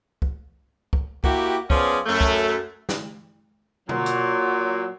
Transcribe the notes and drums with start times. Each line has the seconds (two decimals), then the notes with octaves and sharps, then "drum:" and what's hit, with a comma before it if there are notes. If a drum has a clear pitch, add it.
0.22 drum: kick
0.93 drum: kick
1.24 A#3 E4 F#4 G4, drum: kick
1.70 F3 B3 C#4 G#4 D5, drum: kick
2.06 F#2 A3
2.21 drum: kick
2.89 drum: snare
3.89 A#2 F#3, drum: tom B2
4.06 drum: hi-hat